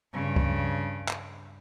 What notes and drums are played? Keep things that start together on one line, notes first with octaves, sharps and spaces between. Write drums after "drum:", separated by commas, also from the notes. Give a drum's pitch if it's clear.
G2 C#3
drum: kick C#2
drum: clap